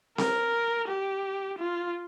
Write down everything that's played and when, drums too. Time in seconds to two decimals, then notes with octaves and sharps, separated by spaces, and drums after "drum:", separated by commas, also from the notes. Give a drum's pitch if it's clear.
0.18 A#4, drum: snare C4
0.88 G4
1.58 F4